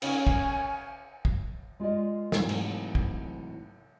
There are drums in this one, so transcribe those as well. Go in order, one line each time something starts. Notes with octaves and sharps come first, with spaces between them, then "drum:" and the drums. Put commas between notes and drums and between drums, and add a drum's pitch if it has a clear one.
C#3 C#4 G#5, drum: cymbal
drum: kick
drum: kick
G#3 F4 A#4 D5 D#5
G#2 C3 E3 F#3 A3, drum: snare
drum: cymbal
drum: kick